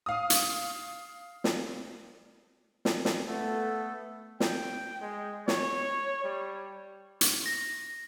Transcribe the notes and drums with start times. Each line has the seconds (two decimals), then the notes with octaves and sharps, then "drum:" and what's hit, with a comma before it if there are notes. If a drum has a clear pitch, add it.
0.06 F5 D#6
0.30 drum: hi-hat
1.44 drum: snare
2.85 drum: snare
3.05 drum: snare
3.27 A3 B3 A4
4.40 G5, drum: snare
5.02 G#3
5.48 C#5, drum: snare
6.24 G3
7.21 drum: hi-hat
7.46 A#6